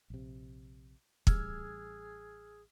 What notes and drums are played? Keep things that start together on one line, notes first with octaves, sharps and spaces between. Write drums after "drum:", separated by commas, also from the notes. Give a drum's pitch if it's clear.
A#1 C3
A1 G3 G#4 E6 F6 G#6, drum: kick